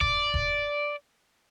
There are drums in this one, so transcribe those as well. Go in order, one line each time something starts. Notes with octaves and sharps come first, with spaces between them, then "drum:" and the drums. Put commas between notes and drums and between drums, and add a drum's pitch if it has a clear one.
D5, drum: kick E1
drum: kick E1